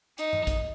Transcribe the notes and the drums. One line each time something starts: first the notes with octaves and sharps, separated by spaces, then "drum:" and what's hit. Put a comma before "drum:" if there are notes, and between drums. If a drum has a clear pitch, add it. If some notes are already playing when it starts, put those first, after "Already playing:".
D#4, drum: hi-hat
drum: tom G2
drum: kick, hi-hat